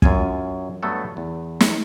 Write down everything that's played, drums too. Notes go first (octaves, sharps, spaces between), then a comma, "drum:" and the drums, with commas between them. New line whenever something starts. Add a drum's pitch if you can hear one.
F#2 F4 G#5, drum: kick
G2 F#3 A3 B3 A4
E2
drum: snare